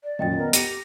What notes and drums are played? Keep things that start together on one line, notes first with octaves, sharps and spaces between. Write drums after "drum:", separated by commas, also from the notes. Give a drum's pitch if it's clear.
D5
F#2 A#2 D#3 D#5 G5 A6
B3 A#4
G4 A#6 C#7 D#7 F7, drum: hi-hat